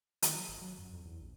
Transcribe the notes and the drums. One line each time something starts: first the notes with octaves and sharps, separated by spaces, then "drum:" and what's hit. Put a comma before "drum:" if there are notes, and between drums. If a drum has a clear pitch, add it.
D#3, drum: hi-hat
F#3
G1
F#3
F#2
F2
E2
A#1